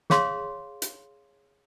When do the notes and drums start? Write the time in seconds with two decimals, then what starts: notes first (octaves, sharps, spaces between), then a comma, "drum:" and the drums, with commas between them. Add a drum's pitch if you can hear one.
0.10 G#4 C#5 F5 C6, drum: snare
0.82 drum: hi-hat